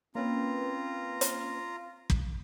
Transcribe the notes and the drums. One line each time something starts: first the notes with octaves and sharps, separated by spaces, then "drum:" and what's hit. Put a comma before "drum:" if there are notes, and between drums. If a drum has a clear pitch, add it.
A#3 C4 C#4 F4 B4 A#5
drum: hi-hat
drum: kick